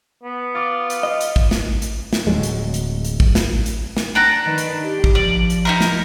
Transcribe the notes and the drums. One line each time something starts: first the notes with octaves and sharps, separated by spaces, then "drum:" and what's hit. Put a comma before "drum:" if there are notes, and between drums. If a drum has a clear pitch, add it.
B3
F4 D6 F6 A6
drum: hi-hat
D#5
drum: hi-hat
drum: kick
drum: snare
drum: hi-hat
drum: snare
D1 B1 F#3 G#3
drum: hi-hat
drum: hi-hat
drum: hi-hat
drum: kick
drum: snare
drum: hi-hat
drum: snare
D4 F#5 A#5
D#3 B4
drum: hi-hat
G4
drum: kick
F3 D5
drum: hi-hat
D#4 E4 A#4
drum: snare